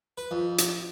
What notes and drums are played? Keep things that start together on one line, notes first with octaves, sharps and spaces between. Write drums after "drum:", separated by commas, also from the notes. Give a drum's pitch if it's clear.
B4
F2
drum: hi-hat